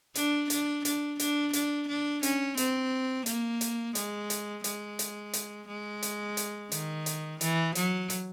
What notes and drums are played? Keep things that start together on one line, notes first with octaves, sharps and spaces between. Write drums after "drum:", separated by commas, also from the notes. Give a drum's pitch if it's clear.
D4, drum: hi-hat
D4, drum: hi-hat
D4, drum: hi-hat
D4, drum: hi-hat
D4, drum: hi-hat
D4
C#4, drum: hi-hat
C4, drum: hi-hat
A#3, drum: hi-hat
drum: hi-hat
G#3, drum: hi-hat
drum: hi-hat
G#3, drum: hi-hat
drum: hi-hat
drum: hi-hat
G#3
drum: hi-hat
drum: hi-hat
D#3, drum: hi-hat
drum: hi-hat
E3, drum: hi-hat
F#3, drum: hi-hat
drum: hi-hat